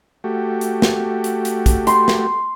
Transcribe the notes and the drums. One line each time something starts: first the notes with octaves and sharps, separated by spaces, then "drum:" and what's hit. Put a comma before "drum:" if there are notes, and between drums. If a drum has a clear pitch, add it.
A3 F#4 G4
drum: hi-hat
drum: snare
drum: hi-hat
drum: hi-hat
drum: kick, hi-hat
C6, drum: hi-hat
drum: snare